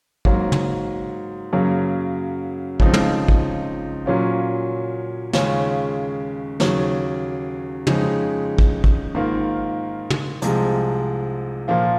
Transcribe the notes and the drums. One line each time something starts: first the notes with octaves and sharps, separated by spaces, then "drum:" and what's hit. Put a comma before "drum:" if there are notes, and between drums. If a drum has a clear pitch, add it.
G#2 F#3 A#3, drum: kick
drum: tom
F#2 C#3 F#3 A#3
C#2 C#3 F3 C4 D#4, drum: kick
drum: tom
drum: kick
A#2 F#3 C#4 F4
D#2 C#3 G#3 C#4 F4, drum: snare
D#2 C#3 F#3, drum: snare
F2 C#3 G#3 D#4, drum: tom
drum: kick
drum: kick
G#2 D#3 A#3 F4
drum: tom
C2 C3 F3 G#3, drum: hi-hat
A#2 F3 A#3 F4